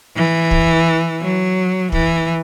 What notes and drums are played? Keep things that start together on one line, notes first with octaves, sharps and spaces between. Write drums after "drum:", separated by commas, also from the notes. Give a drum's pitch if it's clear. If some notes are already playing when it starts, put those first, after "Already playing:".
E3
drum: kick
F#3
E3, drum: kick